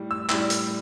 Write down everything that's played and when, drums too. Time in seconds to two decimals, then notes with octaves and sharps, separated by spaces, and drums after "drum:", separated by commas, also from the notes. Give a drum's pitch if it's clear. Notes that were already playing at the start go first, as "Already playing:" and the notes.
Already playing: A2 G3
0.11 E6
0.29 A2 G3 E6, drum: clap
0.50 drum: hi-hat